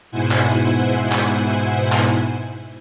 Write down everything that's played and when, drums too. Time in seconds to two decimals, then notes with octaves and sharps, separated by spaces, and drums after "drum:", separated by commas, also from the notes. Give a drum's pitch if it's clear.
0.11 G#2 B2 E4 C5 F#5 G#5
0.31 drum: clap
1.12 drum: clap
1.92 drum: clap